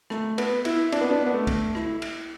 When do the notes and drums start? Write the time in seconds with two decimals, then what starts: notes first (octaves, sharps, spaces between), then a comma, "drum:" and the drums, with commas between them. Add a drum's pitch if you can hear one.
0.10 A3, drum: rim click
0.38 B3, drum: cymbal
0.65 E4, drum: cymbal
0.92 D4, drum: cymbal
1.01 B3
1.11 D4
1.26 B3
1.34 A3
1.47 drum: kick, cymbal
1.75 E4, drum: rim click
2.02 drum: cymbal